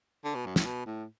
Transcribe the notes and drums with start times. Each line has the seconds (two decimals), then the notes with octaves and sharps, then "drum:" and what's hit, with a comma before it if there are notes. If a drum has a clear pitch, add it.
0.25 D3
0.35 B2
0.46 F#2
0.56 A2, drum: snare
0.65 B2
0.86 A2